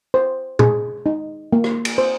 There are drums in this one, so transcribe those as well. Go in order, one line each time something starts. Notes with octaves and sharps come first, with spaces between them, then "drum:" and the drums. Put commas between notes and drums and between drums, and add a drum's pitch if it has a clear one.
C5
G#4, drum: tom A#2
D#4
A#3
drum: rim click
drum: cymbal
C5